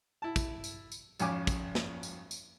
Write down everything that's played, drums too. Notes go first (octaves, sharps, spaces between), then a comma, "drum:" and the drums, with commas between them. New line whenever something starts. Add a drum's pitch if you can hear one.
E4 A5
drum: kick, tambourine
drum: tambourine
drum: tambourine
G#1 F2 C#4 G#5 D6, drum: tambourine
drum: kick, tambourine
drum: snare
drum: tambourine
drum: tambourine